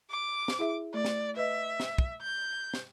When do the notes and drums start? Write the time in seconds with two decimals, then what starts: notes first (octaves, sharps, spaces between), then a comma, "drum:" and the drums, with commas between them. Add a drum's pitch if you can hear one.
0.11 D6
0.48 drum: snare
0.59 E4 G#4 E5
0.94 A3 D5
1.05 drum: snare
1.37 B4 D#5 E5
1.80 drum: snare
1.98 drum: kick
2.22 G6
2.74 drum: snare